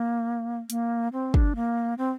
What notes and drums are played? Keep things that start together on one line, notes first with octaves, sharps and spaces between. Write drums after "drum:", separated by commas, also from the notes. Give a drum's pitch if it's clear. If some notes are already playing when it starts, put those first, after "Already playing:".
Already playing: A#3
A#3, drum: hi-hat
C4
D4, drum: kick
A#3
C4